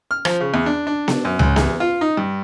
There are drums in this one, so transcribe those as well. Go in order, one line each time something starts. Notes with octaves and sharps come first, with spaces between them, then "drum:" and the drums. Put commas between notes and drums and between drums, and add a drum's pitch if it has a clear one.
F6
F3, drum: rim click
C#3
E2
D4
D4
drum: snare B3
F#2
C#2, drum: tom C#2
E2, drum: snare B3
F4
D#4
G2